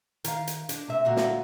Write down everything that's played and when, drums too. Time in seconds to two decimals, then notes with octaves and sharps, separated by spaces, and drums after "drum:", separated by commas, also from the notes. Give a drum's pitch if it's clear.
0.24 D#3 F5, drum: hi-hat
0.47 drum: hi-hat
0.69 D4, drum: hi-hat
0.88 C3 E5
1.05 A#2 D3 F#4
1.16 drum: snare